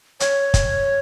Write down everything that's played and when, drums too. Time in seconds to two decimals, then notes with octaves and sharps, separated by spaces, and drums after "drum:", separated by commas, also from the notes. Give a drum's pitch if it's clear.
0.20 C#5, drum: hi-hat
0.54 drum: kick, hi-hat